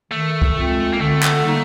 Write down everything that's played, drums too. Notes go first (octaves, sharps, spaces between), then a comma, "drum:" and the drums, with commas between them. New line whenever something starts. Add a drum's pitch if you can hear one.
D#3 A3
drum: kick C2
G#3 C4 F4
A#3
D3 A3
drum: clap
G3 A#3 D#4